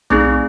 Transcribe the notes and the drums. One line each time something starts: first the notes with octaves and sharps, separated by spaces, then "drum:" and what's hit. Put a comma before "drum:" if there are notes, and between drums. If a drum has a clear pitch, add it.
A3 C4 D#4 G#4, drum: tom B1